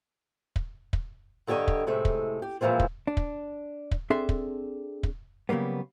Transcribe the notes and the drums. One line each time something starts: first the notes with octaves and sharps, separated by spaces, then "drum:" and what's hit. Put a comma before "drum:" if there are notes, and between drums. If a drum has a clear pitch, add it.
drum: kick
drum: kick
G2 D3 G4 C#5 D#5 A#5
drum: kick
A2 C3 G#3 A3
drum: kick
G4
A#2 E3 F3 G#3 C4
drum: kick
D4
drum: kick
drum: kick
C4 D4 G#4 A4 E5 C6
drum: kick
drum: kick
C#3 F#3 G3 A#3 B3